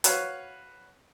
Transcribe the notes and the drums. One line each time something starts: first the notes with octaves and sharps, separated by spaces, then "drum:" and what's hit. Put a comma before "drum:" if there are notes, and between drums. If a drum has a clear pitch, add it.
F#4 B4 C#5 F5, drum: hi-hat